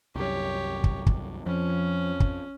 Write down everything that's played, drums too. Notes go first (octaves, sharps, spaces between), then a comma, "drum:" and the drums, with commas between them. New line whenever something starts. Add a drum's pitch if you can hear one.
C2 F#2 G4 C#5
drum: kick
drum: kick
F2 F3 C#4
drum: kick